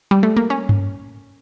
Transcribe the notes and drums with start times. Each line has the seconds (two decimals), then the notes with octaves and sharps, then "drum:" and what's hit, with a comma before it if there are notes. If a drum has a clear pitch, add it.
0.11 G3
0.23 A3
0.37 A#3
0.50 C#4
0.69 drum: tom G2